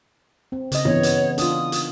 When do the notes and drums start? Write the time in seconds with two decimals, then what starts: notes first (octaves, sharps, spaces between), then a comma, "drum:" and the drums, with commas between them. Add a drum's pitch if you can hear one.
0.52 C4
0.72 C#3 D#5, drum: hi-hat
0.85 E3 B3 C#5, drum: tom G2
1.03 drum: hi-hat
1.38 D4 F4 D#6, drum: hi-hat
1.72 drum: hi-hat